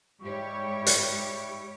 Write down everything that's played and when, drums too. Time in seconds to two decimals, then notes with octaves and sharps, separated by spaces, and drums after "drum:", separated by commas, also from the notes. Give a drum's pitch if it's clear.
0.22 G#2 G3 E4 G4 C#5 C#6
0.87 drum: hi-hat